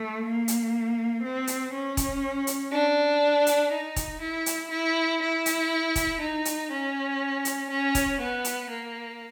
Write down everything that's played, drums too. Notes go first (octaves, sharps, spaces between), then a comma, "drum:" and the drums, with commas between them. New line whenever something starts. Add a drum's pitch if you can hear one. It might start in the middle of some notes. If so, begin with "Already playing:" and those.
Already playing: A3
A#3
drum: hi-hat
C4
drum: hi-hat
C#4
drum: kick E1, hi-hat
drum: hi-hat
D4
drum: hi-hat
D#4
drum: kick E1, hi-hat
E4
drum: hi-hat
E4
E4
drum: hi-hat
drum: kick E1, hi-hat
D#4
drum: hi-hat
C#4
drum: hi-hat
C#4
drum: kick E1, hi-hat
B3
drum: hi-hat
A#3